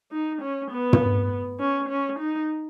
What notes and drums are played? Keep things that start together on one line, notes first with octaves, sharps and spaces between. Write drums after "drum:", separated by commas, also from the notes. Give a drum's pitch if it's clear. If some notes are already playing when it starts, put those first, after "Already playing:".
D#4
C#4
B3
drum: tom
C#4
C#4
D#4